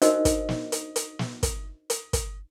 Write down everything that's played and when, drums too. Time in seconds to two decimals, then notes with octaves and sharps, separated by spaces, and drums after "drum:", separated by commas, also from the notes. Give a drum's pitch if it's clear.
0.02 D4 D#4 F#4 A#4 C5 D#5, drum: hi-hat
0.25 drum: kick, hi-hat
0.49 drum: snare
0.72 drum: hi-hat
0.96 drum: hi-hat
1.19 drum: snare
1.43 drum: kick, hi-hat
1.90 drum: hi-hat
2.13 drum: kick, hi-hat